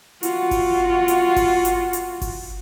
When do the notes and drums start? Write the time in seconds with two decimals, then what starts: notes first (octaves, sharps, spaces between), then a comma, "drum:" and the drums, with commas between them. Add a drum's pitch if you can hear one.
0.23 F4 F#4, drum: hi-hat
0.51 drum: kick G1, open hi-hat
1.08 drum: hi-hat
1.36 drum: kick G1, open hi-hat
1.65 drum: hi-hat
1.93 drum: hi-hat
2.22 drum: kick G1, open hi-hat